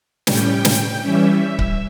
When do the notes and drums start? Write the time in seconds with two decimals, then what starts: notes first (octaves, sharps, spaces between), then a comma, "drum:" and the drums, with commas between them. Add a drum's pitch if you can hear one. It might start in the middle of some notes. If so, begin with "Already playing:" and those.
0.27 A2 G3 C#4 G5, drum: snare
0.65 drum: snare
1.02 E3 G3 C#4 E5
1.59 drum: kick C#1